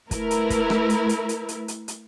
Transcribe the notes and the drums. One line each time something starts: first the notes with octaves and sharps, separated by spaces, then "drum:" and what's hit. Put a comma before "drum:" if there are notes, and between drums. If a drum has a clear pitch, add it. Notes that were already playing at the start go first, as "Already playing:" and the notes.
A3 E4 A#4 B4, drum: kick, hi-hat
drum: hi-hat
drum: kick, hi-hat
drum: rim click
drum: hi-hat
drum: hi-hat
drum: hi-hat
drum: hi-hat
drum: hi-hat
drum: hi-hat